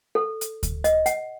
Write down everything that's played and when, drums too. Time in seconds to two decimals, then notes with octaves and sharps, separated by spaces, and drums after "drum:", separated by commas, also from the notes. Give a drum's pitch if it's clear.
0.15 A4
0.41 drum: hi-hat
0.63 drum: kick D2, hi-hat
0.84 D#5, drum: hi-hat
1.06 F#5, drum: hi-hat